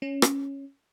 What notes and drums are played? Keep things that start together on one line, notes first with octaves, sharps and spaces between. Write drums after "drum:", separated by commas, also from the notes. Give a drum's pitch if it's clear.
C#4
drum: rim click